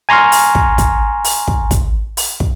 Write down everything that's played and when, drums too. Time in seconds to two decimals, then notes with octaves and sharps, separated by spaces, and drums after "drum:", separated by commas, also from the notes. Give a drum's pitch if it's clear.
0.09 G#5 A#5 C6 C#6 F6
0.32 drum: open hi-hat
0.55 drum: kick
0.78 drum: kick, hi-hat
1.24 drum: open hi-hat
1.48 drum: kick
1.71 drum: kick, hi-hat
2.17 drum: open hi-hat
2.40 drum: kick